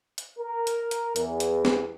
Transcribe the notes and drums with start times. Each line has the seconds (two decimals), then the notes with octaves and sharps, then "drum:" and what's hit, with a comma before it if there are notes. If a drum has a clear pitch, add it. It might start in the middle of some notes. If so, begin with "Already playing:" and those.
0.18 drum: hi-hat
0.39 A#4
0.67 drum: hi-hat
0.91 drum: hi-hat
1.16 E2, drum: hi-hat
1.40 drum: hi-hat
1.65 drum: snare